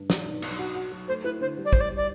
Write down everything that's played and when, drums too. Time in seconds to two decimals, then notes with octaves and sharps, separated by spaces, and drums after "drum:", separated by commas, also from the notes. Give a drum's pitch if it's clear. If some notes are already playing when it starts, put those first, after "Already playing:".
Already playing: G2
0.10 D4, drum: snare
0.25 B1
0.42 B1, drum: cymbal
0.59 F#4
0.75 F#4
0.92 F#3
1.08 A3 C5
1.24 E4 B4
1.41 D3 C5
1.58 G3
1.65 D5
1.73 G3 C5, drum: kick
1.80 D5
1.90 G3
1.97 D5